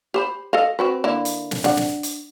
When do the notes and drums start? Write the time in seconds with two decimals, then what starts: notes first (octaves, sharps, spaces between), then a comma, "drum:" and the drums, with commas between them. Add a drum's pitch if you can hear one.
0.14 G4 C5 B5
0.53 A4 D#5 F5
0.79 C4 F#4 B4
1.04 D3 A#3 E4
1.25 drum: hi-hat
1.51 drum: snare
1.64 D4 F#5, drum: snare
1.77 drum: snare
2.03 drum: hi-hat